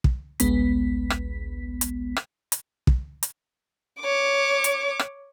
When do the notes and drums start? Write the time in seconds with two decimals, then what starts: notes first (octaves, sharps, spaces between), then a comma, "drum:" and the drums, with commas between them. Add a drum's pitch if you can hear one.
0.04 drum: kick
0.40 A1 D2 G#3 B3 B6, drum: hi-hat
1.10 drum: rim click
1.81 drum: hi-hat
2.16 drum: rim click
2.52 drum: hi-hat
2.87 drum: kick
3.23 drum: hi-hat
4.01 C#5 D6
4.64 drum: hi-hat
4.99 drum: rim click